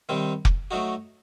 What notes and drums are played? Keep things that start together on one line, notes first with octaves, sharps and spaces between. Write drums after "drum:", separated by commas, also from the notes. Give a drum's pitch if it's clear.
C3 D#3 G3 C4
drum: kick F1
F#3 A3 D#4 F#4